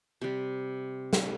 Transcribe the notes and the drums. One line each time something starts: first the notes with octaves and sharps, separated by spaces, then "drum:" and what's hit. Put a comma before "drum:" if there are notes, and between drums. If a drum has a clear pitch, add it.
C3 G3
drum: snare